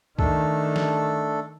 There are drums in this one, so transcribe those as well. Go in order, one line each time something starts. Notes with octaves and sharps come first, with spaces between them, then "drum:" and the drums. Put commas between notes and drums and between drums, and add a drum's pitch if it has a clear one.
D#3 A3 D4 A4, drum: kick
drum: snare